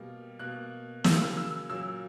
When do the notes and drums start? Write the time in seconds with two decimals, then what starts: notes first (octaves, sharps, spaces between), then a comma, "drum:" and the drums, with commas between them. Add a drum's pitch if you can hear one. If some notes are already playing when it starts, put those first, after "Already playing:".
Already playing: B2 G3 A#3
0.39 B2 A#3 F#6
1.04 C#3 F#3 A#3 E6, drum: snare
1.37 E6
1.70 A#2 F#3 A#3 E6